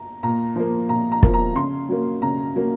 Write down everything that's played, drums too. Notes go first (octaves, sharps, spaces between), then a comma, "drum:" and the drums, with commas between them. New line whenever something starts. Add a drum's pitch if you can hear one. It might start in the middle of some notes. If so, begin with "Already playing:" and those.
Already playing: A#5
A#2 A#5
F3 A#3
A#2 A#5
A#5
F3 A#3, drum: kick
A#5
C#3 C6
F#3 A#3
C#3 A#5
F#3 A#3